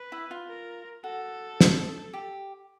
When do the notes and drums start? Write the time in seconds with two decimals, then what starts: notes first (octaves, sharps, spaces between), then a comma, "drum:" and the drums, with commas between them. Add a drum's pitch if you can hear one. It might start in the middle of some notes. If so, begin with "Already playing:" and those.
Already playing: B4
0.12 E4
0.31 F4
0.48 A#4
1.04 F#4 A4
1.61 drum: snare
2.13 G4